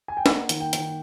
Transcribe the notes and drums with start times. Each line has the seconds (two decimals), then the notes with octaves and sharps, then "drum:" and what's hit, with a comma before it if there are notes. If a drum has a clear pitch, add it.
0.08 G#5
0.17 G5
0.26 A#3 F#5, drum: snare
0.49 D#3, drum: hi-hat
0.60 G5
0.73 D#3, drum: hi-hat